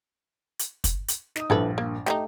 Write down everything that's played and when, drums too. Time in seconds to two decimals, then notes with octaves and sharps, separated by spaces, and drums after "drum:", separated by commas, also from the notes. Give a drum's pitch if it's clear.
0.59 drum: hi-hat
0.84 drum: kick, hi-hat
1.08 drum: hi-hat
1.36 D#4 D#6, drum: snare
1.50 A#1 G2 E4 A4 B4
1.78 A#3
2.06 A3 D#4 E4 G4, drum: snare